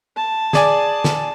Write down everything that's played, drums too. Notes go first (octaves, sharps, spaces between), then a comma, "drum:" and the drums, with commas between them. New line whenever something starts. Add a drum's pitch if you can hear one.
A5
G#4 D5 G#5, drum: snare
drum: snare